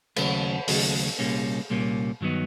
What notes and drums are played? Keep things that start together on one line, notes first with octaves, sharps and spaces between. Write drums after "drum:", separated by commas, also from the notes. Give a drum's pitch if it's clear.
D#2 C#3 F#3 A3, drum: cymbal
D#2 C#3 F#3 A3, drum: open hi-hat
C2 A#2 G3 A#3 C#4
C2 A#2 G3 A#3 C#4
G2 D#3 F#3 B3 D#4